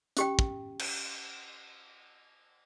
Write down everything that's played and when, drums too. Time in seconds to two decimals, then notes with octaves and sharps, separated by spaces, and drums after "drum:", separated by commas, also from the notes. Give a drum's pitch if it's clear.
0.17 C#4 G4 G5, drum: hi-hat
0.39 drum: kick
0.79 drum: cymbal